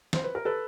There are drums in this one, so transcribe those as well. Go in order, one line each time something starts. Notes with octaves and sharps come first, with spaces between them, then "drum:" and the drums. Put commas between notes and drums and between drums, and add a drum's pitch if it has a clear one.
C5, drum: snare
B4
A#4
A4 B4